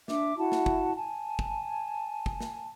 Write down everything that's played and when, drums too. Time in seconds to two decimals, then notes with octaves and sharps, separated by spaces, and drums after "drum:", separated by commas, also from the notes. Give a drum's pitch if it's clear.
0.08 D4 E5 D6, drum: snare
0.37 E4 F#4 F#5 A5
0.52 drum: snare
0.66 drum: kick
0.95 G#5 A5
1.39 drum: kick
2.26 drum: kick
2.40 drum: snare